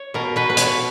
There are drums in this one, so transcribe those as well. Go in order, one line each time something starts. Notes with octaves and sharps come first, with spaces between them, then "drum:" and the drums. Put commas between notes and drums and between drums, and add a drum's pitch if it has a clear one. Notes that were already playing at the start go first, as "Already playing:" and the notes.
Already playing: C#5
B2 A#4
B2 B4
B4
B2 C#5, drum: hi-hat